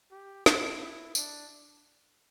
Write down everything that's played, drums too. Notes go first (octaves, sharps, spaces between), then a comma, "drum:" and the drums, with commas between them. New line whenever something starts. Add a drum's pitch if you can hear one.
G4
E4, drum: snare
E4
D4, drum: tambourine